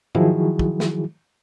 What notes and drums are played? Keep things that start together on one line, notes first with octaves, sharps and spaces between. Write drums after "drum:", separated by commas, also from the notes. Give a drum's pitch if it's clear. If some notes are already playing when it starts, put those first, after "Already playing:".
D#3 F3 F#3 E4 F#4 G#4, drum: tom G#2
drum: kick
drum: snare